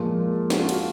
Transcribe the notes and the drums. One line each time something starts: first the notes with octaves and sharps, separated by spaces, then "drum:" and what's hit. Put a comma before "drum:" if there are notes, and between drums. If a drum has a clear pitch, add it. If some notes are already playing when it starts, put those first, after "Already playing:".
Already playing: A#2 F3 G#3 F4
F#4, drum: snare
F4
F#4, drum: cymbal